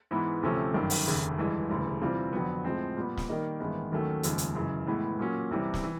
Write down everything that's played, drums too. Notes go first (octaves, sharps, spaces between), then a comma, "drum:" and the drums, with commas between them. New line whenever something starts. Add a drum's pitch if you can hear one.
G#2 E3 G#3 B3 E4
D2 C3 F3 A3 C#4
G1 F#2 D#3 G3
drum: open hi-hat
F1 D#2 C#3
G1 G2 E3 G#3
E1 D2 C#3 E3 G3
C3 E3 G3 C4 F4
F2 D3 F#3 B3
A2 F3 G#3 C4
A#2 G3 B3
drum: snare
D#3 G3 A#3 D#4
A1 G2 D#3 G#3 B3
D#2 D#3 F#3 A3 C#4
F1 D#2 C#3 F3 G#3, drum: hi-hat
drum: hi-hat
F#2 C#3 E3 G#3
A2 E3 G#3 B3
A#2 F#3 A#3 C#4
C2 C3 E3 G3
drum: snare
E3